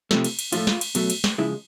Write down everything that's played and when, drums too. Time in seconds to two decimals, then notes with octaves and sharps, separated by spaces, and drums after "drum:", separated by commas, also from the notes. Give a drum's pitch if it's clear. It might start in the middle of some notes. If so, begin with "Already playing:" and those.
0.11 C3 F3 A3, drum: snare
0.24 drum: cymbal
0.39 drum: cymbal
0.53 A2 F3 A3 F4, drum: cymbal
0.67 drum: snare
0.81 drum: cymbal
0.95 B2 F#3 A3, drum: cymbal
1.10 drum: cymbal
1.24 drum: snare
1.38 C#3 F3 G#3 E4